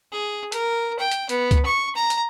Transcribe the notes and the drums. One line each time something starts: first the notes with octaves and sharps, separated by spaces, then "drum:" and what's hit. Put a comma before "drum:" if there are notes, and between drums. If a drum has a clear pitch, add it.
G#4
A#4, drum: hi-hat
G5
drum: hi-hat
B3, drum: hi-hat
drum: kick C#2, hi-hat
C#6
A#5
drum: hi-hat